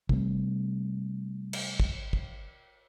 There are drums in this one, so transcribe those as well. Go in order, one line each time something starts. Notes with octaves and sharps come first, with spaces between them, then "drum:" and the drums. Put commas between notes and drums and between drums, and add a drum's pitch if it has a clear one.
C3 G3 A3 C4, drum: kick
drum: cymbal
drum: kick
drum: kick